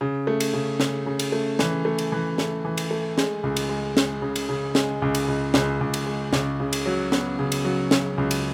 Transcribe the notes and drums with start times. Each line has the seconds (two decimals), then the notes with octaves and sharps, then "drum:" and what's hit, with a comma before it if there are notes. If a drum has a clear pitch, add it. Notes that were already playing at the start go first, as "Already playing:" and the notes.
0.01 C#3
0.27 A3
0.40 drum: cymbal
0.53 C#3
0.80 C#3, drum: snare
1.06 C#3
1.19 drum: cymbal
1.32 A3
1.59 E3, drum: snare
1.85 A3
1.98 drum: cymbal
2.12 E3
2.38 A3, drum: snare
2.65 E3
2.77 drum: cymbal
2.91 A3
3.18 G#3, drum: snare
3.43 C#2
3.57 drum: cymbal
3.69 G#3
3.97 G#3, drum: snare
4.22 C#3
4.36 drum: cymbal
4.49 C#3
4.75 G#3, drum: snare
5.02 C#2
5.15 drum: cymbal
5.28 C#2
5.54 C#2, drum: snare
5.81 C#2
5.94 drum: cymbal
6.07 G#3
6.33 C#2, drum: snare
6.60 C#3
6.73 drum: cymbal
6.86 F#3
7.12 B3, drum: snare
7.39 C#3
7.52 drum: cymbal
7.65 F#3
7.91 C#3, drum: snare
8.18 C#2
8.31 drum: cymbal